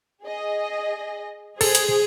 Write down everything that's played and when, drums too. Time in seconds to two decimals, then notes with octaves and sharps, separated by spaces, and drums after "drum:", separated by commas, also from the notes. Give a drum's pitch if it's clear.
0.23 G#4 D#5
1.61 G#4 A4 C5, drum: cymbal
1.75 drum: hi-hat